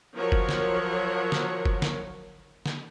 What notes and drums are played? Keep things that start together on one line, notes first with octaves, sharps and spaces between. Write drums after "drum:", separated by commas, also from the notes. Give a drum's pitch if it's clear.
F3 F#3 A#4 C#5
drum: kick F#1
drum: snare
drum: snare
drum: kick F#1
drum: snare
drum: snare